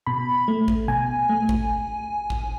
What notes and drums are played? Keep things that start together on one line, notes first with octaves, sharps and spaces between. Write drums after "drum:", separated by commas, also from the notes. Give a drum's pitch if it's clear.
B2 B5
A3
drum: kick
B2 G#5
A3
drum: kick
drum: kick